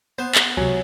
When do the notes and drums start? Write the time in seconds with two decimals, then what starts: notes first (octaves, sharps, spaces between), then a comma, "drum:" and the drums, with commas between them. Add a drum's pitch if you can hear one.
0.18 B3 C5
0.35 drum: clap
0.57 C#2 C3 F#3 C#5 G#5